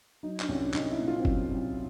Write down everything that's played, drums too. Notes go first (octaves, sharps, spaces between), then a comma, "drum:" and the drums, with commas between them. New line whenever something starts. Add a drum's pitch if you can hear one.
F#3 D#4
D4, drum: clap
C2 C#4
D4
C2 D#4, drum: clap
E4
A#2
F4
C4
F#3 C#4, drum: kick F#1
C2